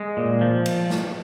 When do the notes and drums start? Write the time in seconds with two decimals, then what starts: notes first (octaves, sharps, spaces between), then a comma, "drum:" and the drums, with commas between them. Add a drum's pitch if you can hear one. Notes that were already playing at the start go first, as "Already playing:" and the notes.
Already playing: G#3
0.17 A#2
0.41 F3
0.66 drum: cymbal
0.90 drum: snare